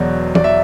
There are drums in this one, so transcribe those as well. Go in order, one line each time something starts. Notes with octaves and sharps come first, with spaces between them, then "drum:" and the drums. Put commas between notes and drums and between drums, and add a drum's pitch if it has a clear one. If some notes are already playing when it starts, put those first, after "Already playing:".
Already playing: E1 E2 B2 F#3 D5
D5, drum: tom
E5